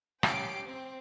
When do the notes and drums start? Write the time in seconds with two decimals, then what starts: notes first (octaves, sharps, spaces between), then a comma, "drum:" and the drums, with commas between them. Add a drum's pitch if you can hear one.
0.23 C#4 G4 G5 D6 C7 D7, drum: rim click
0.64 C4